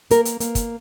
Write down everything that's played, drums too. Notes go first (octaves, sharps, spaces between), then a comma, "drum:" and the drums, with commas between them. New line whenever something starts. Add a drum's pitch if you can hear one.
A#3 A#4, drum: hi-hat
drum: hi-hat
A#3, drum: hi-hat
drum: kick, hi-hat